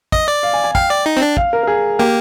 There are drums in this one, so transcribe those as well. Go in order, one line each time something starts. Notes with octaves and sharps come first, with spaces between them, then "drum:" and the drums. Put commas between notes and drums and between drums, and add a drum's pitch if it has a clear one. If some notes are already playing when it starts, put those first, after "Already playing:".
D#5, drum: kick
D5
F5
G#5
G#5
F5 G5, drum: kick
D5
D#4
C4
D4
F5, drum: kick
A#4
A#4
G#4
A#3 G4